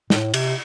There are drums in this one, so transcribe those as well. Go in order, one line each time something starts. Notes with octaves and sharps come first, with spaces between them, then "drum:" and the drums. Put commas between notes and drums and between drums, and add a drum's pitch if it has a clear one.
A2, drum: snare
C3, drum: cymbal